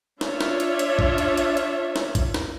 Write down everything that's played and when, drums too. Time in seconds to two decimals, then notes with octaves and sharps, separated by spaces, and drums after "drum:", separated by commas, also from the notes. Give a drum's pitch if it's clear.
0.21 D4 F4 C#5 E5, drum: snare
0.41 drum: snare
0.60 drum: hi-hat
0.79 drum: hi-hat
0.99 drum: kick
1.18 drum: hi-hat
1.37 drum: hi-hat
1.57 drum: hi-hat
1.96 drum: snare
2.15 drum: kick, hi-hat
2.34 drum: snare